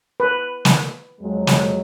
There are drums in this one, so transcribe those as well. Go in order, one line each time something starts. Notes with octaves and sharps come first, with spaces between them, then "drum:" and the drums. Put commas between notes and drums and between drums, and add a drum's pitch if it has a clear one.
B4
drum: snare
F2 F#3 G#3
drum: snare